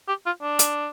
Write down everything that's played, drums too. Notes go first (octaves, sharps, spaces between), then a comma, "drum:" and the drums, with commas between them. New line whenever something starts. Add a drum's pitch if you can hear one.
G4
F4
D4
drum: hi-hat